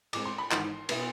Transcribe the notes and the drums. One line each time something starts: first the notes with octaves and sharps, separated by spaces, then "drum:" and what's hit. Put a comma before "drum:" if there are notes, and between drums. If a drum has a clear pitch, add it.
A2 G#3 C4 D6, drum: cymbal
C6
B5
G#1 G#2 E3 C6, drum: clap
B2 B3 E4, drum: cymbal